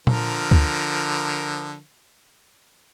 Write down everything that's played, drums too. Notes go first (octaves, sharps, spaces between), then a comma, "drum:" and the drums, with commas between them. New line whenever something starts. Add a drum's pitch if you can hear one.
D3 F3 A#4, drum: tom A#2
drum: kick D2